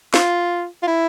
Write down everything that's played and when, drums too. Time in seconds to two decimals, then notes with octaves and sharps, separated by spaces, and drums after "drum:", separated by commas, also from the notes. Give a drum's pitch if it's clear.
0.14 F4, drum: snare
0.83 F4
0.87 E4